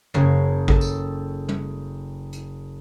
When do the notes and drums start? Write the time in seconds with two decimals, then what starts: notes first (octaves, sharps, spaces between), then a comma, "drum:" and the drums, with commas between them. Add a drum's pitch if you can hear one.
0.14 F#1 C#5 F#6 C7, drum: tom
0.68 A4, drum: kick
0.81 drum: tambourine
1.48 drum: tom
2.32 drum: hi-hat